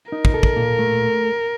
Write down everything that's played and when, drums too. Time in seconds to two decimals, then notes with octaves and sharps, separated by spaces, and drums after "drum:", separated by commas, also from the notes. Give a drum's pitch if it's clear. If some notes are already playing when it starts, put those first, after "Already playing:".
0.12 D#4 A#4
0.25 drum: kick
0.34 A4
0.43 drum: kick
0.56 A#2
0.79 A3